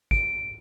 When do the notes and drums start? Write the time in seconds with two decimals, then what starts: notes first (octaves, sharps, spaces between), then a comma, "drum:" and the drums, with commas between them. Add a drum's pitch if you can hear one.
0.11 D7, drum: kick